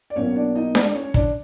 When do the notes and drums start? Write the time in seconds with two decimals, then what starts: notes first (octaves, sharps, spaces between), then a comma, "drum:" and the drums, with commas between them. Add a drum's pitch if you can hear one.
0.10 D5
0.16 B1 B2 F#3 A#3 C#4 C#5
0.36 D4 D5
0.55 D#4 D#5
0.75 D4 D5, drum: snare D4
0.95 C#4 C#5
1.14 D4 D5, drum: kick